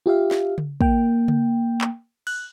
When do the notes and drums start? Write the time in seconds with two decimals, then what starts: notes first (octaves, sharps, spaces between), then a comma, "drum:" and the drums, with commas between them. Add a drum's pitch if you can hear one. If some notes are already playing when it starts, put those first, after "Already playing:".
0.06 F4 G4 E5 F5
0.31 drum: snare
0.58 drum: tom C#3
0.81 A#3 G5, drum: kick
1.28 drum: tom C#3
1.81 drum: clap
2.27 F#6, drum: cymbal